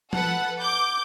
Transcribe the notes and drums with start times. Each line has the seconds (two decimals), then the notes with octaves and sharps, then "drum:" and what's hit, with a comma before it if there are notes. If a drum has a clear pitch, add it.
0.13 A4 B4 F#5, drum: tom F3
0.60 D6 G6